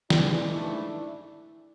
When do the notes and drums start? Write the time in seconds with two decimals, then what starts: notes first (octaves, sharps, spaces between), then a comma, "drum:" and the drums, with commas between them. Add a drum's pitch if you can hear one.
0.10 G2 E3 G#3 D4 E4, drum: snare
0.48 G#2 E3 A3